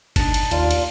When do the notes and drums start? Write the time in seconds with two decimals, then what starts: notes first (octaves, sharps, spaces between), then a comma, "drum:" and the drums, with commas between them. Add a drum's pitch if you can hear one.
0.16 D4 D#4, drum: kick, cymbal
0.34 drum: cymbal
0.51 D#2 F4 D5, drum: cymbal
0.71 drum: cymbal